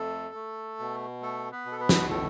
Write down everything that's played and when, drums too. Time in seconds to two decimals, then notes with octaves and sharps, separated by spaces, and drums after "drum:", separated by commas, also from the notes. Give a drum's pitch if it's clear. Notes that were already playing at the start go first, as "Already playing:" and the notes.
Already playing: F2 A3 A4
0.35 A3
0.79 B2
1.22 A3 A4
1.52 B3 B4
1.66 B2
1.72 A4
1.80 B3 B4
1.89 drum: snare
2.09 A2 A3 A4